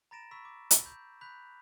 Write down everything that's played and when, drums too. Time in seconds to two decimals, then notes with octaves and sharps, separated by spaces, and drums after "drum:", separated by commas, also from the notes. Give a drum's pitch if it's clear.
0.11 A#5 B5 A6 A#6 D7 E7
0.31 B5 C#6 E6 B6
0.45 D6
0.71 drum: hi-hat
0.85 B5 G6
1.21 B5 F#6 G6 B6 F7